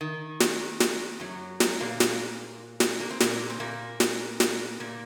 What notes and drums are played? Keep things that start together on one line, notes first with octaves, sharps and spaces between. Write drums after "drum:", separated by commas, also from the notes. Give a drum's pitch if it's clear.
D#3
drum: snare
drum: snare
F#2 F#3
drum: snare
A#2 A#3
drum: snare
drum: snare
A#3
C4
A#2 A#3, drum: snare
C4
A#2 A#3
drum: snare
drum: snare
A#2 A#3